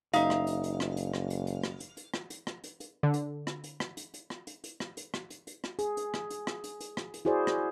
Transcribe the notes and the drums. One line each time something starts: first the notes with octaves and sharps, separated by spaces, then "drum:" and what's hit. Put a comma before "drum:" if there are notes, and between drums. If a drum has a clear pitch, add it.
F#1 D#4 E5 F5, drum: hi-hat
drum: rim click
drum: hi-hat
drum: hi-hat
drum: rim click
drum: hi-hat
drum: rim click
drum: hi-hat
drum: hi-hat
drum: rim click
drum: hi-hat
drum: hi-hat
drum: rim click
drum: hi-hat
drum: rim click
drum: hi-hat
drum: hi-hat
D3
drum: hi-hat
drum: rim click
drum: hi-hat
drum: rim click
drum: hi-hat
drum: hi-hat
drum: rim click
drum: hi-hat
drum: hi-hat
drum: rim click
drum: hi-hat
drum: rim click
drum: hi-hat
drum: hi-hat
drum: rim click
G#4, drum: hi-hat
drum: hi-hat
drum: rim click
drum: hi-hat
drum: rim click
drum: hi-hat
drum: hi-hat
drum: rim click
drum: hi-hat
E4 F#4 G#4 C5 D5
drum: rim click